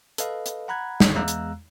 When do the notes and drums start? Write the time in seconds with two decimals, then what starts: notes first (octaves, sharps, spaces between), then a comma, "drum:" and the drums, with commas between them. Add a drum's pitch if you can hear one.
0.18 A4 B4 D#5 F5, drum: hi-hat
0.46 drum: hi-hat
0.68 F#5 A#5 B5 F#6 G#6
1.00 drum: snare
1.15 E2 G#3 F5 A#5 E6 F#6
1.28 drum: hi-hat